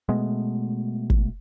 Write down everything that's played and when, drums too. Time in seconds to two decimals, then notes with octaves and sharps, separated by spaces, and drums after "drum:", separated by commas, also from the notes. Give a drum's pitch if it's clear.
0.09 B2 G#3 A3 B3
1.10 drum: kick